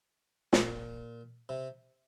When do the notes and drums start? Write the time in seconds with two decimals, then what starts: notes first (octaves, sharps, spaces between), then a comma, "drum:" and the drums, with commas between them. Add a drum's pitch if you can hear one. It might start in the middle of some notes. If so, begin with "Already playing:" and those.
0.53 A#2, drum: snare
1.49 C3